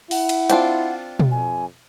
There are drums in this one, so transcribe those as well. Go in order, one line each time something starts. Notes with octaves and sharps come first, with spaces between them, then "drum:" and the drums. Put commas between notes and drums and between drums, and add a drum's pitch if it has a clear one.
E4 F#5, drum: open hi-hat
drum: cymbal
C4 D4 F4, drum: hi-hat
drum: tom B2
F2 G#5